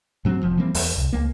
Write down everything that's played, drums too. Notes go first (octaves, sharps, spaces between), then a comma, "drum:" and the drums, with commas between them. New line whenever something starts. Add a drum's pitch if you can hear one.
G#2 F#3 B3 C4
F1 F3
E3 G3 A#3 C4
E2, drum: open hi-hat
C2
C#2 A#3